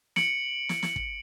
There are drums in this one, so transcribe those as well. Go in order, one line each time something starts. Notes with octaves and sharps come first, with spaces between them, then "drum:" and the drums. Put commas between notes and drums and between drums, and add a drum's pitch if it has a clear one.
C#7 D7 F#7, drum: snare
drum: snare
drum: snare
drum: kick